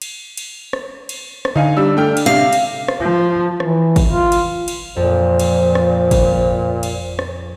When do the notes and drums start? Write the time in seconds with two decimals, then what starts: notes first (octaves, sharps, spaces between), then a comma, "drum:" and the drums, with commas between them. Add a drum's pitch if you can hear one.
0.02 drum: cymbal
0.37 drum: cymbal
0.73 drum: rim click
1.09 drum: cymbal
1.45 drum: rim click
1.56 D3 D#4 F5 G#5
1.77 G3 D4 E6
1.97 A3 G5 F6
2.17 drum: cymbal
2.26 C3 F5
2.53 drum: cymbal
2.88 drum: rim click
3.00 F3
3.60 E3, drum: rim click
3.96 drum: kick, cymbal
4.07 F4
4.32 drum: cymbal
4.68 drum: cymbal
4.96 F2 A#2 C5
5.39 drum: cymbal
5.75 drum: rim click
6.11 drum: kick, cymbal
6.83 drum: cymbal
7.19 drum: rim click